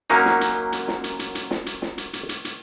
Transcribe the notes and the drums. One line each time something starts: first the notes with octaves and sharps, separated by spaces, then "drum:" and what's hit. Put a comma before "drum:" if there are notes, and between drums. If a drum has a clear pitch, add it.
F#2 F#3 A#3 C#4 D#4
drum: snare
drum: hi-hat
drum: hi-hat
drum: snare
drum: hi-hat
drum: hi-hat
drum: hi-hat
drum: snare
drum: hi-hat
drum: snare
drum: hi-hat
drum: hi-hat
drum: hi-hat
drum: hi-hat